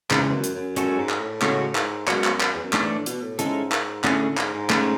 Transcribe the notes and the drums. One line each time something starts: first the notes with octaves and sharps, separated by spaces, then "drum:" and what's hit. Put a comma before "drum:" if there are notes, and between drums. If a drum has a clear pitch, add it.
G#2 C#3 E3 G#3, drum: clap
E2
F#2
drum: hi-hat
F#2
F#2 G#3 C#4 F#4 A4 C#5, drum: hi-hat
G#2
drum: clap
A2
A2 C#3 G#3 C#4 F#4 C#5, drum: clap
G#2, drum: clap
F#2 G#3 B3 F#4 C#5, drum: clap
drum: clap
drum: clap
E2
F#2
G#2 E3 A3 D4 A4, drum: clap
A2
B2, drum: hi-hat
A2
G#2 G#3 C#4 E4 A4, drum: hi-hat
drum: clap
A2 D3 A3 C#4 E4 G#4, drum: clap
A2
G#2, drum: clap
G#2
A3 C#4 G#4, drum: clap